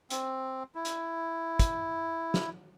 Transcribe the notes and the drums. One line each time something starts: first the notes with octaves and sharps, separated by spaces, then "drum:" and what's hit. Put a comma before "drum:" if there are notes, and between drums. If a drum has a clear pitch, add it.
C4, drum: hi-hat
E4
drum: hi-hat
drum: kick, hi-hat
drum: snare